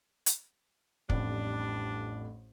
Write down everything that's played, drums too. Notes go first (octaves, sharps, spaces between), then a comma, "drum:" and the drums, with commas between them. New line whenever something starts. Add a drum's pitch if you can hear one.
drum: hi-hat
A1 F2 A2 G3 D4, drum: kick